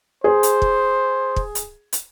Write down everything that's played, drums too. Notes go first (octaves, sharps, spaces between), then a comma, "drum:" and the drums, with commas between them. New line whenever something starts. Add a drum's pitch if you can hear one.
G#4 C5
drum: hi-hat
drum: kick
drum: kick
drum: hi-hat
drum: hi-hat